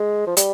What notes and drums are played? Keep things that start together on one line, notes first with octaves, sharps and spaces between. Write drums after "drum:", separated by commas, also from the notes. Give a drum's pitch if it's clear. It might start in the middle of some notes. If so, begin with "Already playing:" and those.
Already playing: G#3
F3
G3, drum: hi-hat